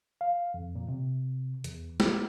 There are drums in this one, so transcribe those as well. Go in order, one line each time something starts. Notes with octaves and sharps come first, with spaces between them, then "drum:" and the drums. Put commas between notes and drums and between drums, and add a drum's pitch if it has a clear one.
F5
F2
A#2
C3
E2, drum: hi-hat
G4, drum: snare